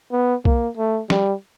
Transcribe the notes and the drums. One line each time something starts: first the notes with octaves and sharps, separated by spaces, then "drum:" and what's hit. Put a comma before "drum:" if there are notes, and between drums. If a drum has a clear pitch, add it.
B3
A#3, drum: kick B1
A3
G3, drum: snare